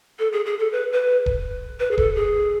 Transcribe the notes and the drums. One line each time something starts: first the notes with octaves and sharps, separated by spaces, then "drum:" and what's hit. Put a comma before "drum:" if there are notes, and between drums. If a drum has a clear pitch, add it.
A4
G#4
G#4
A4
B4
B4
drum: kick D#1
B4
G#4
A4, drum: kick D#1
G#4